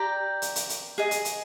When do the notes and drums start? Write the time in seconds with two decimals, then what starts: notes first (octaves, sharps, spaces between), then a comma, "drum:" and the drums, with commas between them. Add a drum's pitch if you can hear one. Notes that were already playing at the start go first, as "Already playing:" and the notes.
Already playing: G4 D5 G5 A#5
0.42 drum: hi-hat
0.56 drum: hi-hat
0.69 drum: hi-hat
0.98 G#4 D#5 G#5
1.11 drum: hi-hat
1.25 drum: hi-hat